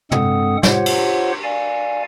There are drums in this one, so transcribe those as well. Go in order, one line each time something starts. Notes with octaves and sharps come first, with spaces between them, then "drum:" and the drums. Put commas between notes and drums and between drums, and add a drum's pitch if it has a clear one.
G2 G#3 C4 A4 F#5 D#6, drum: tom
F4 G4 C5 C#5 F#5, drum: snare
drum: cymbal
D5 F5 G#5